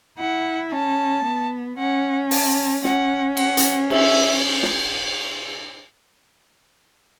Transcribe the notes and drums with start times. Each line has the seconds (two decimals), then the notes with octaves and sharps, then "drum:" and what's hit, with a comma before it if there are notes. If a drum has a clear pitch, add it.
0.19 E4 F#5
0.72 C#4 A5
1.25 B3
1.78 C#4 F#5
2.31 A5, drum: open hi-hat
2.84 C#4 F#5, drum: snare
3.37 F#5, drum: cymbal
3.57 drum: hi-hat
3.90 E5, drum: cymbal
4.63 drum: snare